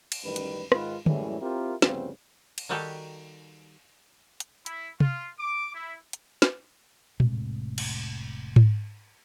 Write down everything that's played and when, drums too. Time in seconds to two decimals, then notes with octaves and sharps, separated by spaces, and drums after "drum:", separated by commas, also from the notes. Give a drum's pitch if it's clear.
0.12 drum: cymbal
0.23 A1 F#2 D#3 G3 B4
0.36 drum: hi-hat
0.72 G#2 D#3 F4 B4, drum: rim click
1.06 F#2 A2 E3 G3 G#3 C#4, drum: tom
1.41 C4 E4 F4 G4 A#4
1.82 D2 G2 C#3 F3 B3 C4, drum: snare
2.58 drum: cymbal
2.69 D#3 G3 D#4 F#4 G4 A4
4.40 drum: hi-hat
4.66 E4, drum: hi-hat
5.00 F4, drum: tom
5.39 D6
5.74 E4
6.13 drum: hi-hat
6.42 drum: snare
7.20 F1 A2 C3 G#3, drum: tom A#2
7.78 drum: cymbal
8.56 drum: tom G#2